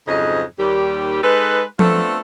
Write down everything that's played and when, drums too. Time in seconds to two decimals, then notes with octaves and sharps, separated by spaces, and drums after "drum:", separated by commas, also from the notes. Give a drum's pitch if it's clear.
0.08 F2 G#2 C#3 F#3 D#5
0.58 D#2 G3 G4
1.23 G#3 D#4 A4 B4
1.79 A3 B3 C4 D4 F4 A4, drum: tom F3